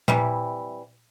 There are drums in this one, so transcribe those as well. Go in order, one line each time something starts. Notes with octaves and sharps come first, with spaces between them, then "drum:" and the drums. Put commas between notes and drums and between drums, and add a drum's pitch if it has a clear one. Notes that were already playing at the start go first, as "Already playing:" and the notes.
C3 E3 G3, drum: tom